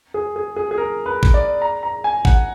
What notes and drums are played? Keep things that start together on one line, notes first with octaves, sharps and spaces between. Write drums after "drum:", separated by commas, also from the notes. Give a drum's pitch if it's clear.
G#4
G#4
G#4
G#4
A#4
B4
drum: kick G#1
D5
A#5
A#5
G#5
F#5, drum: kick G#1